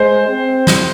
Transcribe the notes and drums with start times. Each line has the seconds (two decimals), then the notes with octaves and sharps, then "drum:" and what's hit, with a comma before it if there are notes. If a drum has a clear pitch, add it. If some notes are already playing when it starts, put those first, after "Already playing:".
Already playing: G#3 C5
0.28 C4
0.67 drum: snare